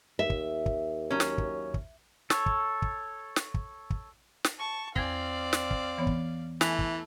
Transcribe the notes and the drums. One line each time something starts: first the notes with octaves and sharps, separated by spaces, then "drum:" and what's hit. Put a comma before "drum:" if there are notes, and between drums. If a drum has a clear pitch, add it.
D#2 E5
drum: kick
drum: kick
F#3 C#4
drum: snare
drum: kick
drum: kick
A4 C#5, drum: snare
drum: kick
drum: kick
drum: snare
drum: kick
drum: kick
drum: snare
A5 C#6
E2 C4 D5 F5 G#6 A#6, drum: kick
drum: snare
drum: kick
E3 B3 C#5
drum: kick
E3 A3 G#5, drum: snare
drum: kick